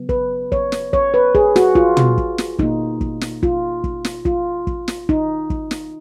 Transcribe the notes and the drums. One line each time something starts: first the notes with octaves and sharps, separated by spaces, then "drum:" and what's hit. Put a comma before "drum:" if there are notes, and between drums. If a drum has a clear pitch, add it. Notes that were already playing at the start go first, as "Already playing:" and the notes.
Already playing: C#3 F#3 B3
B4, drum: kick
C#5, drum: kick
drum: snare
C#5, drum: kick
B4
G#4, drum: kick
F#4, drum: snare
F4, drum: kick
drum: tom
drum: kick
drum: snare
B2 A#3 D#4, drum: kick
drum: kick
drum: snare
F4, drum: kick
drum: kick
drum: snare
F4, drum: kick
drum: kick
drum: snare
D#4, drum: kick
drum: kick
drum: snare